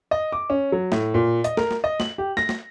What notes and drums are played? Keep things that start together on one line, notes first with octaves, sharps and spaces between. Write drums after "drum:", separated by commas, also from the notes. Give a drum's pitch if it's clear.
D#5
D6
C#4
F#3
A2, drum: snare
A#2
D#5, drum: hi-hat
A#4, drum: snare
drum: snare
D#5
F#7, drum: snare
G4
A#6, drum: snare
drum: snare